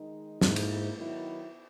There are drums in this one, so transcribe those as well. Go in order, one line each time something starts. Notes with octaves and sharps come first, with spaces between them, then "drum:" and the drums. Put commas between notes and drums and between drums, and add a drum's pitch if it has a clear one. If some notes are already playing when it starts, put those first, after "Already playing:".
Already playing: D#3 G#3 D#4
G#2 B2 A#3 E4, drum: snare
drum: cymbal
D#3 F#3 B3 E4